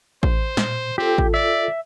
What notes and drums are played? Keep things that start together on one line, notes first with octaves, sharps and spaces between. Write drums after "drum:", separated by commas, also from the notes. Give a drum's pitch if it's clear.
C5, drum: kick A1
A#2, drum: snare
C4 F4 G4 A4
drum: kick A1
D5 E5